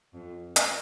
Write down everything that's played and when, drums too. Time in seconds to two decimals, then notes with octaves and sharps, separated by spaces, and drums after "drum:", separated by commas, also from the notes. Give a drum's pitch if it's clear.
0.14 F2
0.56 drum: hi-hat